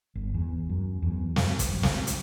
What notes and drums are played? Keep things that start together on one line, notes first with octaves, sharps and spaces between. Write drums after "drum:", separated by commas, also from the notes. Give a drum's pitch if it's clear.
G1
E2
F#2
E2
F#2, drum: snare
G1, drum: kick, hi-hat
C#2, drum: snare
drum: hi-hat